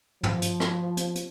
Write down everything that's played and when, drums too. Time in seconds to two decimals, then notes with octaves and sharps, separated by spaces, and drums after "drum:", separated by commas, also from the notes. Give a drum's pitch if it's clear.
0.23 F3, drum: tom
0.42 drum: hi-hat
0.60 drum: rim click
0.97 drum: hi-hat
1.15 drum: hi-hat